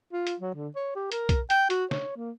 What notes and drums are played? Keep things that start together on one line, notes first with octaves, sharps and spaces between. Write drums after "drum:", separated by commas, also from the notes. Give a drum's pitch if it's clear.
F4
drum: hi-hat
F#3
D3
C#5
G4
A#4, drum: hi-hat
drum: kick, hi-hat
G5, drum: hi-hat
F#4, drum: hi-hat
C#5, drum: snare
A#3